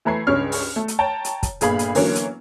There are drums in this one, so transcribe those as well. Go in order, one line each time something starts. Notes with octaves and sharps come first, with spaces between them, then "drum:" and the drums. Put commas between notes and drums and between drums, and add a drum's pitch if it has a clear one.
E3 A3 A#5 B5 G#6 C7
C#2 G2 C#3 C#5 F6
drum: open hi-hat
A3
drum: hi-hat
C#5 G5 A5 A#5
drum: hi-hat
drum: kick, hi-hat
G1 A#2 G#4 F5 B5, drum: hi-hat
drum: hi-hat
D3 E3 F#3 A#3 B3 C#4, drum: open hi-hat
drum: hi-hat